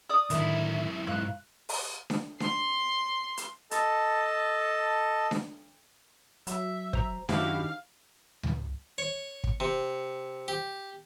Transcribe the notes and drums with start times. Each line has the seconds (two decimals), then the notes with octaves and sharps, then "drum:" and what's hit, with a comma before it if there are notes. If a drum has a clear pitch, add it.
0.10 D5 D#6
0.30 B1 A2 D3 D#3 E4 E5, drum: hi-hat
1.07 G#2 F5 F#6
1.69 drum: open hi-hat
2.10 drum: snare D4
2.40 C6, drum: snare D4
3.37 drum: hi-hat
3.71 A4 D#5 A5, drum: hi-hat
5.31 drum: snare D4
6.47 F#3 E5, drum: hi-hat
6.93 C5 A#5, drum: kick
7.29 F#2 D#3 D4 E4 F#4 G4 C5 F5, drum: snare D4
8.43 drum: tom C#2
8.98 C#5
9.44 drum: kick
9.60 C3
10.48 G4